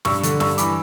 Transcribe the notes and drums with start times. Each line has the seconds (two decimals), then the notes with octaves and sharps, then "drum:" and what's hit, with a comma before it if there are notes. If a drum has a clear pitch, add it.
0.05 G2 C#6 E6, drum: snare
0.23 D3, drum: hi-hat
0.40 G2 C#6 E6, drum: snare
0.58 E3 B5 D6, drum: hi-hat